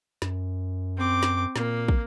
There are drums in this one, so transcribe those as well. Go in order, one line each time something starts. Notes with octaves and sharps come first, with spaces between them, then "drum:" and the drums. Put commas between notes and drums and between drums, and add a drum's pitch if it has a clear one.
F#2, drum: snare
C4 D6
drum: snare
A#2 A#3, drum: snare
drum: kick